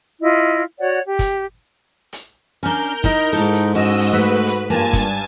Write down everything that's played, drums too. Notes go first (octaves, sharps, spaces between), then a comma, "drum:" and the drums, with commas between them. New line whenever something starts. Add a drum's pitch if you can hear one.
E4 F4 D#5
F#4 C#5 D5 F#5
G4
drum: kick, hi-hat
drum: hi-hat
C#4 D4 A#4 G6
D#4 E4 D#5, drum: kick, hi-hat
G#2 G#3 A4
drum: hi-hat
C#4 F#4 D#5 E6
drum: hi-hat
A3 B4
drum: hi-hat
G2 A#3 F4 G#5 A5
drum: kick, hi-hat